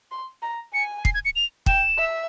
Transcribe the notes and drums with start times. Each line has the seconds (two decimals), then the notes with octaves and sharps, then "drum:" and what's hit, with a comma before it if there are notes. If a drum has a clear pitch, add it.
0.11 C6
0.42 A#5
0.73 G#5 C#7
1.05 C7, drum: kick
1.14 G#6
1.25 C#7
1.36 F7
1.66 G5 E7, drum: kick
1.98 E5